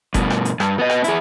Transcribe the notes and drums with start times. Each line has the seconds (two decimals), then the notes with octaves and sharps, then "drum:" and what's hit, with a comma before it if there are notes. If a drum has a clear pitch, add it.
0.14 G2 B2, drum: kick F#1, hi-hat
0.30 drum: rim click
0.45 drum: hi-hat
0.60 G2, drum: rim click
0.79 B3 D#5
0.90 drum: rim click
1.04 E4 G#4, drum: hi-hat